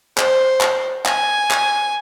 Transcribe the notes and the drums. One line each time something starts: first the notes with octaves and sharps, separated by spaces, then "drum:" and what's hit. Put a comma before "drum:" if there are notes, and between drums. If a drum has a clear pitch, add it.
C5, drum: clap
drum: clap
G#5, drum: clap
drum: clap